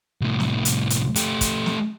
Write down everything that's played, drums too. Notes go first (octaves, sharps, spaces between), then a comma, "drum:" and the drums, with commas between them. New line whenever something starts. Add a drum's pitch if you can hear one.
C2 A2
drum: snare
drum: hi-hat
drum: hi-hat
A3 G4, drum: hi-hat
drum: kick, hi-hat
drum: snare